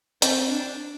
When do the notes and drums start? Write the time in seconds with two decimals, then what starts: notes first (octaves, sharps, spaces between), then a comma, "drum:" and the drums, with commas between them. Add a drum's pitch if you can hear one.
0.22 C4, drum: hi-hat
0.50 D4